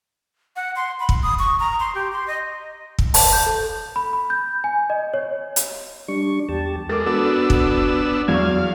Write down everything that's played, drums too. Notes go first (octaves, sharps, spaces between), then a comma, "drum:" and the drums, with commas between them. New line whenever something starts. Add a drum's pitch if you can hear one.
F#5
C6
B5
drum: kick
D#6
C#6
A#5
C6
G4
C6
D#5
drum: kick
A5, drum: open hi-hat
G6
A4
B5
B5
G6
G#5
D#5
C#5
drum: hi-hat
G3 D4 C#6
E2 G4 A5
G#3 A4 A#4 D6 A6
B3 D4 F#4 A4 E6
drum: kick
E2 F#3 F5 C#6 G#6